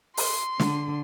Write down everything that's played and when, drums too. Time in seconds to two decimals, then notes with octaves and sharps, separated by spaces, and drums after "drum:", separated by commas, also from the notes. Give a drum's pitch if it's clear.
0.17 C6, drum: open hi-hat
0.60 D3, drum: snare